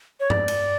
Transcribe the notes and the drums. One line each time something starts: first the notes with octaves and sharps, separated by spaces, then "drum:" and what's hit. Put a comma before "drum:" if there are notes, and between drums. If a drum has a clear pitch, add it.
C#5
D5, drum: tom G2
drum: cymbal